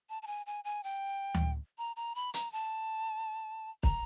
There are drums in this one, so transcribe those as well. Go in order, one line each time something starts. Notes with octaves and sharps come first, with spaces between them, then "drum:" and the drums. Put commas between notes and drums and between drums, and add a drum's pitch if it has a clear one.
A5
A5
G#5
G#5
G#5
G5
drum: tom D2
A#5
A#5
B5
A#5, drum: hi-hat
A5
A#5, drum: kick